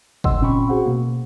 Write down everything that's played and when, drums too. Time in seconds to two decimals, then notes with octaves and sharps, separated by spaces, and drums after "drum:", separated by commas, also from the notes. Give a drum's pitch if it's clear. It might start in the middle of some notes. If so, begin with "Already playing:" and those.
0.24 B1 C#3 D#5 F#5 C6 E6, drum: kick
0.41 A#2 C4 C#4 G5 B5 C#6
0.69 F#4 G#4 C5 F#5
0.86 B2 A#3